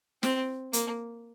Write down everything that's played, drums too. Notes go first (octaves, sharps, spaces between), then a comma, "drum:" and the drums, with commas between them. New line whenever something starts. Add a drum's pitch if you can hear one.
C4, drum: snare
A#3, drum: hi-hat